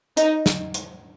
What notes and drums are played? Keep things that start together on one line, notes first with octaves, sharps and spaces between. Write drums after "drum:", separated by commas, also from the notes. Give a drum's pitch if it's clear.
D#4, drum: hi-hat
drum: snare
drum: hi-hat